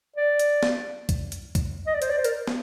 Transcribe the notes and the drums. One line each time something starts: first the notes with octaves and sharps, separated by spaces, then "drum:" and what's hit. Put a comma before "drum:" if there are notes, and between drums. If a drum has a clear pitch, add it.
D5
drum: hi-hat
drum: snare
drum: kick C#2, hi-hat
drum: hi-hat
drum: kick C#2, hi-hat
D#5
D5
C5, drum: hi-hat
D5
C5
A#4, drum: hi-hat
drum: snare